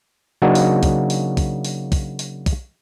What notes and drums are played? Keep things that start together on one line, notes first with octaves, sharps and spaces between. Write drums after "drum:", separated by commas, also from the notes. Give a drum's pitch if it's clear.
C#3 F#3 A#3 D4 D#4 F#4
drum: open hi-hat
drum: kick, open hi-hat
drum: open hi-hat
drum: kick, open hi-hat
drum: open hi-hat
drum: kick, open hi-hat
drum: open hi-hat
drum: kick, open hi-hat